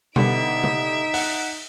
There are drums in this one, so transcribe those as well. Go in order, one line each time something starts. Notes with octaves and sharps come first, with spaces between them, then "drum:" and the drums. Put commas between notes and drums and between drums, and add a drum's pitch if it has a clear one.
D3 G3 B3 D#4 E5 D7, drum: tom B2
drum: tom C#3
F#5, drum: open hi-hat